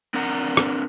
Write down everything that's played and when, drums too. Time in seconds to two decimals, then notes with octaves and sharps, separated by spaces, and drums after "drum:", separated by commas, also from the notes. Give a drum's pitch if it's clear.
0.14 C4 D4 A#4 D5 F#5 A#5
0.57 drum: rim click